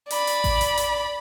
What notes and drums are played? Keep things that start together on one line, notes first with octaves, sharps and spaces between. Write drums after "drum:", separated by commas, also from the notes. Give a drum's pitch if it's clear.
D5 B5, drum: hi-hat
drum: hi-hat
drum: kick A1, open hi-hat
drum: hi-hat
drum: hi-hat